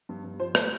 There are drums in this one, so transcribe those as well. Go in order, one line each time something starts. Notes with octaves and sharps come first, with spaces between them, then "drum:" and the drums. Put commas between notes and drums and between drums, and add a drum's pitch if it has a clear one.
G2
G2
F3 C5
A3 B4, drum: rim click